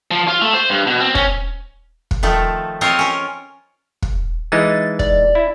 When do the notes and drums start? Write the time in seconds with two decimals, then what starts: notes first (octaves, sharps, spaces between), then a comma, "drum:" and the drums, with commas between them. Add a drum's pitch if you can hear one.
0.11 F3
0.28 F4
0.41 A3
0.54 C5
0.69 G2
0.87 B2
1.00 C4
1.15 C#4, drum: kick
2.11 drum: kick
2.23 D#3 F3 A3
2.81 C4 F4 A#4 C#5 D#5
2.99 C#4 A#4
4.02 drum: kick
4.52 E3 G#3 D#4 A6
4.99 D5, drum: kick
5.35 E4